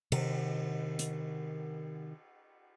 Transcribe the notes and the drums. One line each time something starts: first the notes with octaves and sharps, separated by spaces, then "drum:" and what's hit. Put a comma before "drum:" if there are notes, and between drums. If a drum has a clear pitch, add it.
C3 D#3, drum: cymbal
drum: hi-hat